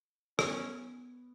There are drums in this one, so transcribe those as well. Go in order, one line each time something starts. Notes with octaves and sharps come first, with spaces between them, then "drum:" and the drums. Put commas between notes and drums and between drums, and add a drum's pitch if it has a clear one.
B3 C#4, drum: rim click